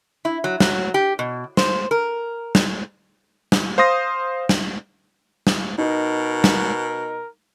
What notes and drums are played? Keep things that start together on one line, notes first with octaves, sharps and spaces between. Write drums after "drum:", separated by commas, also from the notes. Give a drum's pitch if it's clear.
E4
F#3
F#3, drum: snare
G4
B2
C5, drum: snare
A#4
drum: snare
drum: snare
C5 F5 C6 D#6 A#6
drum: snare
drum: snare
B2 D#4 A#4
drum: snare